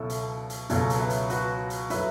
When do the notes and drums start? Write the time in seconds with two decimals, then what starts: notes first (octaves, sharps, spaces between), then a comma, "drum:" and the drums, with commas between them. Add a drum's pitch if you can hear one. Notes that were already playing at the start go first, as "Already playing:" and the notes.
Already playing: C#2 B2 F#3 E4 A4
0.10 drum: hi-hat
0.50 drum: hi-hat
0.70 C#2 B2 F#3 A4 C#5, drum: hi-hat
0.90 drum: hi-hat
1.00 B4 E5
1.10 drum: hi-hat
1.30 F#4 B4, drum: hi-hat
1.70 drum: hi-hat
1.90 A2 F#3 B4 E5, drum: hi-hat